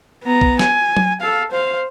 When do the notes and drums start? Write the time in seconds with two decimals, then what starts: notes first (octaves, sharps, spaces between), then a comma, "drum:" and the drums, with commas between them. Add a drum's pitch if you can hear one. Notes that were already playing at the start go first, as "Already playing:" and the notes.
0.23 B3 A#5
0.41 drum: kick
0.59 G#5, drum: snare
0.97 drum: tom F#3
1.21 A4 F5
1.51 C5 F5